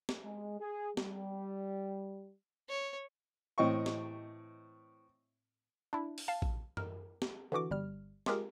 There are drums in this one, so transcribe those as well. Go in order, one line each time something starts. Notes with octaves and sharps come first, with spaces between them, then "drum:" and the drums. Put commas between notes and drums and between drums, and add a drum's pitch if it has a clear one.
drum: snare
G#3
G#4
G3, drum: snare
C#5
A2 E3 C4 D#5 G5 C#6
drum: snare
D4 E4
drum: open hi-hat
F5 A5
drum: kick A#1
A#4, drum: tom F#2
drum: snare
D3 E3 F#4 D6
G1 G3 F6
G#3 F4 G4 G#4 A#4, drum: snare